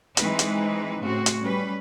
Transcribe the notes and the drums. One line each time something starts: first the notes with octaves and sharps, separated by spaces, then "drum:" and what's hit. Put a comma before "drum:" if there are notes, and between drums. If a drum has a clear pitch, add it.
E3 G#3 C4 D#4 B4, drum: hi-hat
drum: hi-hat
A2 C#3 C4 F#4
drum: hi-hat
G3 C#4 B4